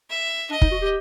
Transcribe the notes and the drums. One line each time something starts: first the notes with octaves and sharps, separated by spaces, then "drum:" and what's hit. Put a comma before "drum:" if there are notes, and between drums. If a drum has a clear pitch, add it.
E5
D4 D#5
D#4, drum: kick
F#4
G4